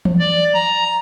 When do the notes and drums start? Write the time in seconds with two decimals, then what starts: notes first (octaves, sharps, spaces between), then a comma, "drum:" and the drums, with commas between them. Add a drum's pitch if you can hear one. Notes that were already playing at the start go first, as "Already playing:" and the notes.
0.05 drum: tom E3
0.19 D5
0.54 A#5